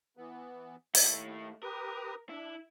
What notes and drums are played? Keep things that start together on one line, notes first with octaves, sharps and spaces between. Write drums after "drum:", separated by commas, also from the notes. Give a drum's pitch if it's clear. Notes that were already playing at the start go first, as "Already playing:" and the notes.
E3 B3
D#2 A3 E4, drum: open hi-hat
G4 A#4 B4 D#6
D4 E4